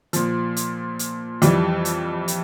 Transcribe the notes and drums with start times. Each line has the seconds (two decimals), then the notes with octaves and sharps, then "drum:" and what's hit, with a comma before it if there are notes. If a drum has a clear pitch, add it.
0.13 A#2 F3, drum: hi-hat
0.56 drum: hi-hat
0.99 drum: hi-hat
1.42 F2 E3 G3, drum: hi-hat
1.85 drum: hi-hat
2.28 drum: hi-hat